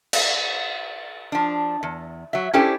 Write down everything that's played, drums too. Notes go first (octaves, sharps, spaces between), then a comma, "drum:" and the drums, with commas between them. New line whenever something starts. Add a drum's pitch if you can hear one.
drum: cymbal
F3 D4
E2
F#3 E5
C#4 D4 E4 G4 A4 C5